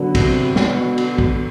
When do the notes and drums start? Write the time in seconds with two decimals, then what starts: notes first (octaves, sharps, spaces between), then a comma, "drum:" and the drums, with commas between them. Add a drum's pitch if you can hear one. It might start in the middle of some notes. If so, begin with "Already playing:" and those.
Already playing: D3 F#3 B3 D4
0.15 C3, drum: kick, cymbal
0.56 B2, drum: snare
0.98 drum: cymbal
1.18 drum: kick